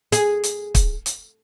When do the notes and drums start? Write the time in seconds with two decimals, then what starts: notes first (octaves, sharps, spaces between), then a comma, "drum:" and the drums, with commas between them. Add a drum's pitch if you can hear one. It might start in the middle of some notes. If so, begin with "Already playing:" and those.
0.12 G#4, drum: hi-hat
0.44 drum: hi-hat
0.75 drum: kick, hi-hat
1.06 drum: hi-hat